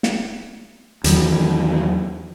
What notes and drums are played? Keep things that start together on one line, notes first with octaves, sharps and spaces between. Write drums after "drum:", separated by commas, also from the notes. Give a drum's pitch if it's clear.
drum: snare
E2 D#3 F#3 A3, drum: hi-hat